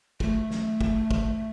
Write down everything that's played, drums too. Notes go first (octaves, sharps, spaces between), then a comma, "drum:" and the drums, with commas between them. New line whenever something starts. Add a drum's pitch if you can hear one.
A3, drum: kick
drum: snare
drum: kick
drum: kick